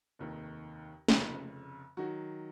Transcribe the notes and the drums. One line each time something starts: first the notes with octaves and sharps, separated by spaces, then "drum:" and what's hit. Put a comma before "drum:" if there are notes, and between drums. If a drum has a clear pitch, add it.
F1 D#2 D#3
F1 F2 C#3, drum: snare
D#3 F#3 F#4